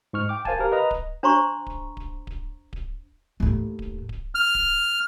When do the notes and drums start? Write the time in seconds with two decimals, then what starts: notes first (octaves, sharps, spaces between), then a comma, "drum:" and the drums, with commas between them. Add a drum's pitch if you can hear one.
0.13 G#2 C#6 F6
0.29 G5 D6
0.45 A#4 C5 F5 G#5 A5, drum: kick D1
0.59 G4 A#4 F5
0.72 B4 D#5 A#5
0.91 drum: kick D1
1.23 D4 C5 A#5 C6 C#6
1.66 drum: kick D1
1.97 drum: kick D1
2.27 drum: kick D1
2.73 drum: kick D1
3.40 D#2 A2
3.79 drum: kick D1
4.09 drum: kick D1
4.35 F6
4.55 drum: kick D1